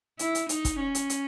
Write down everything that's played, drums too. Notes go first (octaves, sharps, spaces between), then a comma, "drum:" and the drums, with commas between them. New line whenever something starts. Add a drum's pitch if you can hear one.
E4, drum: hi-hat
drum: hi-hat
D#4, drum: hi-hat
drum: kick, hi-hat
C#4
drum: hi-hat
drum: hi-hat